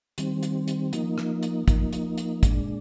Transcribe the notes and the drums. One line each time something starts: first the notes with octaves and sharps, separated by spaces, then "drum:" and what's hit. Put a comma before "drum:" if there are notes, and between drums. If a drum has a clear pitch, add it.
D#3 G3 C4, drum: hi-hat
drum: hi-hat
drum: hi-hat
F3 A#3 D#4, drum: hi-hat
drum: rim click
drum: hi-hat
F3 A#3 D#4, drum: kick, hi-hat
drum: hi-hat
drum: hi-hat
A#2 G#3 D4, drum: kick, hi-hat